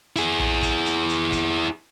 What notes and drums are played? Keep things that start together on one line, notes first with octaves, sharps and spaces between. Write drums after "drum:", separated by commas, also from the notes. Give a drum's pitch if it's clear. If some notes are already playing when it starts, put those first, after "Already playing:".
E4 G#4, drum: hi-hat
drum: tom A#1
drum: kick, hi-hat
drum: hi-hat
drum: hi-hat
drum: kick, hi-hat